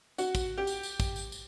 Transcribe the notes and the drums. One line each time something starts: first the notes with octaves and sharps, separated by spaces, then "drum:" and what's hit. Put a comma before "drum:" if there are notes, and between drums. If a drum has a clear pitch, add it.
F#4, drum: tambourine
drum: kick, tambourine
G4
drum: tambourine
drum: tambourine
drum: kick, tambourine
drum: tambourine
drum: tambourine